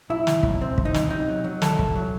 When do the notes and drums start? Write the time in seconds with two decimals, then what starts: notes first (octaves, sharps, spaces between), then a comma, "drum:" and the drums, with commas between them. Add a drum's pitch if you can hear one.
0.10 B1 E4
0.27 B1, drum: snare
0.43 B1, drum: kick
0.61 B1 C4
0.78 B1, drum: kick
0.85 D#4
0.94 B1, drum: snare
1.11 C3 D#4
1.28 F#3
1.44 F#3
1.62 C2 A4, drum: snare
1.79 C2, drum: kick
1.95 F#3